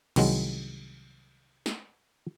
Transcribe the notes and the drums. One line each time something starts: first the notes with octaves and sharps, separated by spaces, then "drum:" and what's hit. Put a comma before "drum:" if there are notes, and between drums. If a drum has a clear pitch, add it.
C2 D#3 F#3 G#3, drum: cymbal
drum: snare